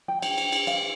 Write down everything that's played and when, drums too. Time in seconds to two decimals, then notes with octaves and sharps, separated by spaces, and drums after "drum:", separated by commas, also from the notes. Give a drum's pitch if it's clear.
0.08 G5
0.22 G5, drum: cymbal
0.38 drum: cymbal
0.52 drum: cymbal
0.67 F5, drum: cymbal